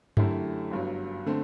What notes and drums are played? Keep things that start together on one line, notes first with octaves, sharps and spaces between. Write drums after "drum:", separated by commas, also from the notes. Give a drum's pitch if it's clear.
F#2 D3 A3 E4 G4, drum: tom G2
G1 G2 F#3
D3 A3 C4